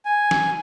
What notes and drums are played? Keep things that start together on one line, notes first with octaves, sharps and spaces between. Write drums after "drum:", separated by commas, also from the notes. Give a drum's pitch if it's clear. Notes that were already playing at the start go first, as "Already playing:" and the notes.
G#5
drum: snare